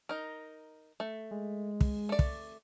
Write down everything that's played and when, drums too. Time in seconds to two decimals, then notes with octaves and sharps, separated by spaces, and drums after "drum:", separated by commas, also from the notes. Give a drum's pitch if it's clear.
0.09 D#4 A#4
1.00 A3
1.31 G#3
1.81 drum: kick
2.09 A3 D5
2.19 drum: kick